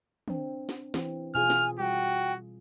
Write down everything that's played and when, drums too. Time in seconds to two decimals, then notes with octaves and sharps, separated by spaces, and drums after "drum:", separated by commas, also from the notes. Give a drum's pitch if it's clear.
0.28 C4 D4, drum: tom
0.69 drum: snare
0.94 E3 C4, drum: snare
1.35 B2 F4 G#4 G#5 F6
1.50 drum: snare
1.79 G3 F#4 G5